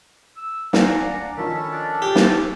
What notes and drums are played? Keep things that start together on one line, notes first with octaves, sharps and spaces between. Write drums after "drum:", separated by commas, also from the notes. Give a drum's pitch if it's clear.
E6
D4 F5 F#5 G#5 A#5 D6, drum: snare
D#3 F3 C#4 D#4 A4 A5 B5
D4
G4
drum: snare